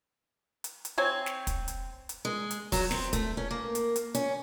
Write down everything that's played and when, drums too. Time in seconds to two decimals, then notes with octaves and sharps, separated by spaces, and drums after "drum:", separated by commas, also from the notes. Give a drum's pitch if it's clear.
0.64 drum: hi-hat
0.85 drum: hi-hat
0.98 C4 C#5 G#5
1.26 drum: snare
1.47 drum: kick, hi-hat
1.68 drum: hi-hat
2.09 drum: hi-hat
2.25 G#3
2.51 drum: hi-hat
2.72 F#3, drum: kick, open hi-hat
2.91 C4, drum: snare
3.13 A3, drum: kick, hi-hat
3.37 C#4
3.51 A#3
3.75 drum: hi-hat
3.96 drum: hi-hat
4.15 C#4, drum: hi-hat